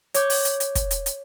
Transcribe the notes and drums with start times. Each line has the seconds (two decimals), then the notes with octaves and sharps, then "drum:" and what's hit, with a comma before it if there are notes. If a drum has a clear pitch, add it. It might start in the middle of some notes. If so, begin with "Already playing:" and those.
0.14 C#5 D6 G6, drum: hi-hat
0.30 drum: open hi-hat
0.45 drum: hi-hat
0.60 drum: hi-hat
0.75 drum: kick, hi-hat
0.91 drum: hi-hat
1.06 drum: hi-hat